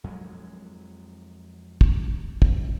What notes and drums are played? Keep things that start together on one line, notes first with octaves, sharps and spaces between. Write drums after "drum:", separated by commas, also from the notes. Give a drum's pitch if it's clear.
F2 F#3 G#3
drum: kick
drum: kick